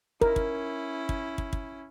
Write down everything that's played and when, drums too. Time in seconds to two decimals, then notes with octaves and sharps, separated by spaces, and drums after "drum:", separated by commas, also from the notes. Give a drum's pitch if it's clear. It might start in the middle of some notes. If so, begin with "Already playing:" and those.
0.21 C#4 E4 A#4, drum: kick
0.36 drum: kick
1.09 drum: kick
1.38 drum: kick
1.53 drum: kick